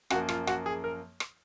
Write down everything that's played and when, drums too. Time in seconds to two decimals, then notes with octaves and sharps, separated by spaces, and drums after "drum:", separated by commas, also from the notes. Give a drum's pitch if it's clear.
0.10 F#2 F3 A#3 F#4, drum: rim click
0.29 F4, drum: rim click
0.47 F#4, drum: rim click
0.66 G#4
0.84 A#4
1.20 drum: rim click